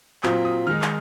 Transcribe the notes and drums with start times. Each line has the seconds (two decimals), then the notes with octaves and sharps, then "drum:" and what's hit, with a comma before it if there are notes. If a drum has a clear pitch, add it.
0.23 A#2 F#3 C4 F4 D#6, drum: clap
0.45 D#6
0.67 D#3 G#3 D#4 F6
0.82 drum: clap